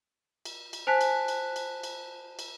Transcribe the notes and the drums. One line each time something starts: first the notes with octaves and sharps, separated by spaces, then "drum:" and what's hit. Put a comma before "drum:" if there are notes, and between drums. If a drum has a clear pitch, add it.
drum: cymbal
drum: cymbal
C5 G#5 A5 F#6 B6
drum: cymbal
drum: cymbal
drum: cymbal
drum: cymbal
drum: cymbal